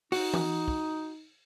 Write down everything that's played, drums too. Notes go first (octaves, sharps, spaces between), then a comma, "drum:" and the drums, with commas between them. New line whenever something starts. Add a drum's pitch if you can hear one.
D#4 F#4, drum: open hi-hat
drum: tom E3
drum: kick